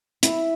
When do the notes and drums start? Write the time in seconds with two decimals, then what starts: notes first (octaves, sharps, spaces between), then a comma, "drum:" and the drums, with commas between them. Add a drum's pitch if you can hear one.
0.23 E4, drum: hi-hat